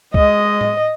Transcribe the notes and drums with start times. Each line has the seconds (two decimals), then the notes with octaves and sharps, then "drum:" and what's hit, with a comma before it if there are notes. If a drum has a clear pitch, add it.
0.14 G#3 D#5, drum: kick C2
0.61 drum: tom A2